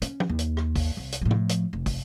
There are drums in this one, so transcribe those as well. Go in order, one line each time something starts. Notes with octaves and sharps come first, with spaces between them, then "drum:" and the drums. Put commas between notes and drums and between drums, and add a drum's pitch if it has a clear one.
C#4, drum: hi-hat
drum: tom
D#2
drum: hi-hat
drum: rim click
drum: kick, open hi-hat
C2
drum: hi-hat
A2 F3
drum: tom
drum: hi-hat
F1
drum: kick, open hi-hat